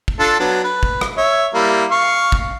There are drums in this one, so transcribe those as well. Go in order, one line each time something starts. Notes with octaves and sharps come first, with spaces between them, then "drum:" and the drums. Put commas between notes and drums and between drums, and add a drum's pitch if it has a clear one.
drum: kick
D4 F4 A4
F#3 B3 D4
B4
drum: kick
drum: rim click
C#5 E5
G3 A#3 E4
F5 C#6
drum: kick